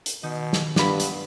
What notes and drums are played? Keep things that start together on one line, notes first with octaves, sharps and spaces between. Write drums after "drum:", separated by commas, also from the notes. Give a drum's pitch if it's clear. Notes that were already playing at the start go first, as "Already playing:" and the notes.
drum: hi-hat
B2 D#3 D#4
drum: snare
G2 B3 D4 F4 B5, drum: snare
drum: hi-hat